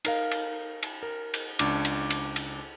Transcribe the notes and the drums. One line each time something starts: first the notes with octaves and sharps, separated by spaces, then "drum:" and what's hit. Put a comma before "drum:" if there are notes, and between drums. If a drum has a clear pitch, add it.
D#4 A#4 F5, drum: cymbal
drum: cymbal
drum: cymbal
A#4
drum: cymbal
C#2 D4 D6, drum: cymbal
drum: cymbal
drum: cymbal
drum: cymbal